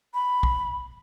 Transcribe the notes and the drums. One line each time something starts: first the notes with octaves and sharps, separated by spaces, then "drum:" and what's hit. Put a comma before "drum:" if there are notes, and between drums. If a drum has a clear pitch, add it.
B5
drum: kick